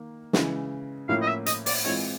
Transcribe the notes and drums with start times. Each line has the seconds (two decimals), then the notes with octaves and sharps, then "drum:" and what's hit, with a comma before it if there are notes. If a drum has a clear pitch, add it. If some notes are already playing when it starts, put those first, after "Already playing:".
Already playing: D#3 A#3
0.33 C#3 E3 G#3, drum: snare
1.09 A2 F3 A#3 C#4 E4 F5
1.22 D#5
1.28 E5
1.46 D#5, drum: hi-hat
1.66 D5, drum: open hi-hat
1.84 E3 G#3 C4 F4 C#5